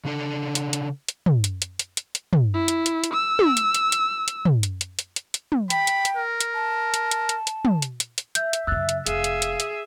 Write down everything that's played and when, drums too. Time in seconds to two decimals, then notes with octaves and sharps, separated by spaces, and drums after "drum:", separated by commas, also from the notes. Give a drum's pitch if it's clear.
0.05 C#3 D4 A4
0.55 drum: hi-hat
0.73 drum: hi-hat
1.09 drum: hi-hat
1.26 drum: tom
1.44 drum: hi-hat
1.62 drum: hi-hat
1.79 drum: hi-hat
1.97 drum: hi-hat
2.15 drum: hi-hat
2.33 drum: tom
2.54 E4
2.68 drum: hi-hat
2.86 drum: hi-hat
3.04 drum: hi-hat
3.13 E6
3.39 drum: tom
3.57 drum: hi-hat
3.74 drum: hi-hat
3.92 drum: hi-hat
4.28 drum: hi-hat
4.45 drum: tom
4.63 drum: hi-hat
4.81 drum: hi-hat
4.99 drum: hi-hat
5.16 drum: hi-hat
5.34 drum: hi-hat
5.52 drum: tom
5.70 G5 B5, drum: hi-hat
5.87 drum: hi-hat
6.05 drum: hi-hat
6.17 A#4
6.40 drum: hi-hat
6.54 A5
6.94 drum: hi-hat
7.11 drum: hi-hat
7.29 drum: hi-hat
7.47 drum: hi-hat
7.65 drum: tom
7.82 drum: hi-hat
8.00 drum: hi-hat
8.18 drum: hi-hat
8.35 E5 G6, drum: hi-hat
8.53 drum: hi-hat
8.67 F#2 C#3 E6 F#6 A6
8.89 drum: hi-hat
9.06 F1 G#4 E5 F5, drum: hi-hat
9.24 drum: hi-hat
9.42 drum: hi-hat
9.60 drum: hi-hat